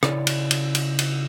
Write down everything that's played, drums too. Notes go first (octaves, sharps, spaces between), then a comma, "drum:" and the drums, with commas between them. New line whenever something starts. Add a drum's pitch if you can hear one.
C#3 E4 C#5 D5, drum: rim click
drum: cymbal
drum: cymbal
drum: cymbal
drum: cymbal